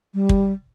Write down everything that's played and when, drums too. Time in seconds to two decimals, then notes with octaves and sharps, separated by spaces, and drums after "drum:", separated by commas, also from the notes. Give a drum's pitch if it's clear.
0.14 G3
0.29 drum: kick